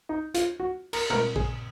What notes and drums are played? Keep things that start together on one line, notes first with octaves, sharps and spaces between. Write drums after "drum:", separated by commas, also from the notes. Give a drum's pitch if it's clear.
D#4
F4, drum: hi-hat
F#4
A#4, drum: cymbal
A#4, drum: tom
G#4, drum: kick A#1